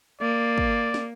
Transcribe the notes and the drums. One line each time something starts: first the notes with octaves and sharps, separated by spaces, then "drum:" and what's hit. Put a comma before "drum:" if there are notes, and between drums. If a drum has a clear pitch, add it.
A#3 D5
drum: kick
drum: snare